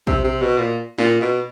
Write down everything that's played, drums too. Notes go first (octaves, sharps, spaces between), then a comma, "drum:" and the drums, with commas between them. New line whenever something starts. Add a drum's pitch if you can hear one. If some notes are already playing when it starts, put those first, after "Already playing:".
C3, drum: kick A#1
C3
B2
A#2
A#2, drum: snare
B2